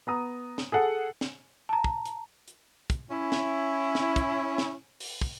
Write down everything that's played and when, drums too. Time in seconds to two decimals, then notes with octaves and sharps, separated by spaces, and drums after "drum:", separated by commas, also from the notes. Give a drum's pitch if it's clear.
0.07 B3 A#5 D#6
0.58 drum: snare
0.72 G#4 A4 F#5
1.21 drum: snare
1.69 A5 A#5
1.84 drum: kick
2.05 drum: hi-hat
2.48 drum: hi-hat
2.90 drum: kick, hi-hat
3.11 C#4 E4
3.32 drum: snare
3.95 drum: snare
4.16 drum: kick, hi-hat
4.58 drum: snare
5.00 drum: open hi-hat
5.21 drum: kick